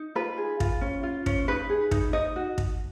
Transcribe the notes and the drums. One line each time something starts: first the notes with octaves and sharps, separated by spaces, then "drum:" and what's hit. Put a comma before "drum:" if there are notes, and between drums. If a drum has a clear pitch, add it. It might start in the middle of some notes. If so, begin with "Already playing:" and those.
Already playing: D#4
F4 B4
G#4
F4, drum: kick
C#4
F4
C#4, drum: kick
D#4 B4
G#4
D#4, drum: kick
D#4 D#5
F#4
drum: kick